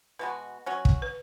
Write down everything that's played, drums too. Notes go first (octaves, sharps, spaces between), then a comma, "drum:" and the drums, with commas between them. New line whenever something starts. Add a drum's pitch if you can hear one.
B2 G#3 B3 F#4 B4
F#3 C#4 F#4
drum: kick
B4